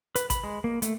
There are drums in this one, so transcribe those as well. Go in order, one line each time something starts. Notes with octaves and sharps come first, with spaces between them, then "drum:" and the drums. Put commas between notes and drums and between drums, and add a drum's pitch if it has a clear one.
B4, drum: hi-hat
B5, drum: kick A1, hi-hat
G#3
A#3
A3, drum: hi-hat